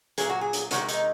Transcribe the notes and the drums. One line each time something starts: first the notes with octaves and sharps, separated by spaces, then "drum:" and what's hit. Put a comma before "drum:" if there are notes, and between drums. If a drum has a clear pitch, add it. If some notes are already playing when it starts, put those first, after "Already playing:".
A#2 F#3 G#4, drum: hi-hat
F#4
G#4
drum: hi-hat
C3 D#3 G#3 F#4, drum: hi-hat
D#4, drum: hi-hat